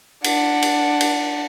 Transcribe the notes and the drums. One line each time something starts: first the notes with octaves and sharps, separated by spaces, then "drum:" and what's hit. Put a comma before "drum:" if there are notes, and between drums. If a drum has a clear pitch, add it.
D4 F#5, drum: cymbal
drum: cymbal
drum: cymbal